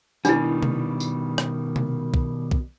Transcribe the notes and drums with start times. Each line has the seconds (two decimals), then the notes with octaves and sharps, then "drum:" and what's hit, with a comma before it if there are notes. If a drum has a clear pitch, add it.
0.25 B2 D#3 G3 D4 E4, drum: tambourine
0.63 drum: tom C3
1.00 drum: tambourine
1.38 drum: rim click
1.76 drum: tom C3
2.14 drum: kick
2.51 drum: kick